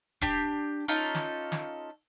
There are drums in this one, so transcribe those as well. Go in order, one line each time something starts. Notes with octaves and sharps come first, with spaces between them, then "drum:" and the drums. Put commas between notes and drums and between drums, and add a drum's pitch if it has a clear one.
D4 G4, drum: kick E1
C#4 D#4 F4 A4
drum: snare
drum: snare